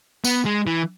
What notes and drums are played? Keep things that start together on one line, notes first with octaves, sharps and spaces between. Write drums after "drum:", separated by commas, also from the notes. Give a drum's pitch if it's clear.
B3, drum: tambourine
G#3
E3